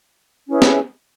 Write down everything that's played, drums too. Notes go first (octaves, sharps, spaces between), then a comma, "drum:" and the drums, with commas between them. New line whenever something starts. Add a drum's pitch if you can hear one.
C#4 E4 G#4 B4
drum: snare